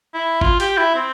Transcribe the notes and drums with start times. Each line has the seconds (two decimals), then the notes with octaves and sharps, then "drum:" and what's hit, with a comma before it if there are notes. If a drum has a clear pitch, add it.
0.14 E4
0.41 F4, drum: kick G#1
0.60 G4, drum: hi-hat
0.78 E4
0.95 C4